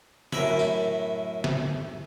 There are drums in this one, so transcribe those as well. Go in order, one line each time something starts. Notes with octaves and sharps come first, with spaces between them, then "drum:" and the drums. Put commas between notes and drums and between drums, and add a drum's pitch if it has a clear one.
F#2 A2 A#4 E5 B5, drum: snare
drum: tambourine
drum: snare